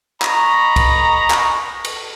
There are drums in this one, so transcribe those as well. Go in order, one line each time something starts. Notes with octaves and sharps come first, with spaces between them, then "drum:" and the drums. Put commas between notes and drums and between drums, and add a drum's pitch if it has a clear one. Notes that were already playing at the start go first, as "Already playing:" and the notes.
D#5 A#5 B5 C#6, drum: clap
drum: kick, cymbal
drum: clap
drum: cymbal